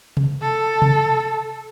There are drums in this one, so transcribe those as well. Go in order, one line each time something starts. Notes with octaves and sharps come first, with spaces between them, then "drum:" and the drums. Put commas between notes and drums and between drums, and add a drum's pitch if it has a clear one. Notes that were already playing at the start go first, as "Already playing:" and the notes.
drum: tom C3
A4
drum: tom C3